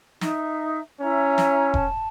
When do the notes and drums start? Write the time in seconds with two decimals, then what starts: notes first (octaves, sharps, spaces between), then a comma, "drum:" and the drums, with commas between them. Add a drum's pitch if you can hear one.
0.21 D#4 E5, drum: snare
1.01 C#4 E4 E5 A#5
1.38 drum: snare
1.74 A5, drum: kick E1